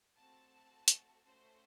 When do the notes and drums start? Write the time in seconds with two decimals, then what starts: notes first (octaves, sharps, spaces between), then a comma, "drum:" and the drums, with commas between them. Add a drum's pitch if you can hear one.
0.17 A3 C4 F#4 A4 A5
0.88 drum: hi-hat
1.25 A3 C#4 F#4 A4 C5